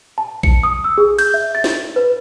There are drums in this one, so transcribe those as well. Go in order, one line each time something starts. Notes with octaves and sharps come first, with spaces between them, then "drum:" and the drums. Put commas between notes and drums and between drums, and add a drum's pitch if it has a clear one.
A5
C#7, drum: kick A#1
D#6
E6
G#4
G6, drum: cymbal
E5
A6
drum: snare
B4